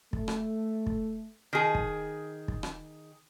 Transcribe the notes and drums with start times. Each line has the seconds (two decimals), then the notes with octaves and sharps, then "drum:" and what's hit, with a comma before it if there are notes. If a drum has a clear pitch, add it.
0.13 A3, drum: kick
0.28 drum: rim click
0.86 drum: kick
1.53 D#3 G#4
1.75 drum: kick
2.48 drum: kick
2.63 drum: rim click